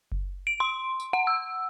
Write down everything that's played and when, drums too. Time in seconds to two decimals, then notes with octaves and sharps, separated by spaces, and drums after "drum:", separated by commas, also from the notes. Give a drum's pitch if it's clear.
0.12 drum: kick F#1
0.47 D7
0.60 C6
1.00 drum: tambourine
1.13 F#5
1.27 E6